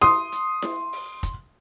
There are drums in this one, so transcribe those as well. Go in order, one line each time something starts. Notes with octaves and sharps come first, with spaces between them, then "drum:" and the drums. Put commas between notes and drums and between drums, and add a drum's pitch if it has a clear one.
C6 D#6, drum: snare E4
drum: hi-hat
drum: snare E4
drum: open hi-hat
drum: kick, hi-hat